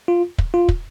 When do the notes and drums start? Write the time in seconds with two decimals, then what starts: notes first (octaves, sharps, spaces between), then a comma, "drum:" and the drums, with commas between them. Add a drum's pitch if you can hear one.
0.08 F4
0.38 drum: kick
0.54 F4
0.69 drum: kick